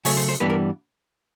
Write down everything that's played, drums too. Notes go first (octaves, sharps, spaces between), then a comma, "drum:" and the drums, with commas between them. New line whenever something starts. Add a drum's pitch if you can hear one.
C#3 F#3 A3 C#5, drum: open hi-hat
C5
C5
G2 E3 G3 B3 B4
A#4